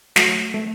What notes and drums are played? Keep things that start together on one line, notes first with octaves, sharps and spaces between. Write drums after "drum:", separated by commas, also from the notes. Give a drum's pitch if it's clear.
F#3 A3, drum: snare
A3